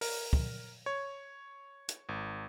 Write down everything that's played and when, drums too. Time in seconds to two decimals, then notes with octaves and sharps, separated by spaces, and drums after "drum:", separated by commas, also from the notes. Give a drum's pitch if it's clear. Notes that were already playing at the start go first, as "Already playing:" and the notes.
0.01 A#4, drum: open hi-hat
0.33 drum: kick
0.86 C#5
1.89 drum: hi-hat
2.09 G#1